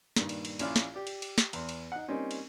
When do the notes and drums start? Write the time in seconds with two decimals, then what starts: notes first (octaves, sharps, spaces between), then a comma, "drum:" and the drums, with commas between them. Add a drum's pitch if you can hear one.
0.16 G2 A#2 D#3, drum: snare
0.29 drum: cymbal
0.45 drum: cymbal
0.59 A#1 C#4 E4 F4 D5 F6, drum: cymbal
0.76 drum: snare
0.94 G4 D5
1.07 drum: cymbal
1.22 drum: cymbal
1.38 drum: snare
1.53 E2 C6, drum: cymbal
1.69 drum: cymbal
1.92 D#4 F#5
2.08 G3 A#3 C4 C#4 D#4
2.31 drum: cymbal